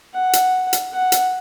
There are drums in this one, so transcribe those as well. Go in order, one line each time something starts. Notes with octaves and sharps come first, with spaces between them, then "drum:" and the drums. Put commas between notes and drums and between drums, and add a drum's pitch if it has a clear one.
F#5
drum: hi-hat
drum: hi-hat
F#5
drum: hi-hat